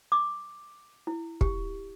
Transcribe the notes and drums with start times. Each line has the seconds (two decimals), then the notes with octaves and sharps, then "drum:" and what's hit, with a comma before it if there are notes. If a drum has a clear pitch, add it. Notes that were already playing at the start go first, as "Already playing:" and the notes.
0.12 D6
1.07 E4
1.41 G4, drum: kick